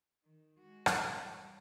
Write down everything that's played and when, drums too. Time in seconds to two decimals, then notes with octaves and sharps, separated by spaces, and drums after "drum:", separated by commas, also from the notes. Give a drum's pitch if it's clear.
0.24 D#3
0.58 G#3 F#4
0.86 drum: rim click
1.18 E3 G3